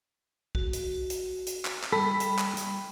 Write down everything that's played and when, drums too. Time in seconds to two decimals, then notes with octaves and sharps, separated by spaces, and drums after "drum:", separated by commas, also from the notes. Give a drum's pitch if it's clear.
0.55 F#4, drum: kick
0.73 drum: hi-hat
1.10 drum: hi-hat
1.47 drum: hi-hat
1.65 drum: clap
1.83 drum: clap
1.92 G3 A4 B5
2.20 drum: hi-hat
2.38 drum: clap
2.57 drum: hi-hat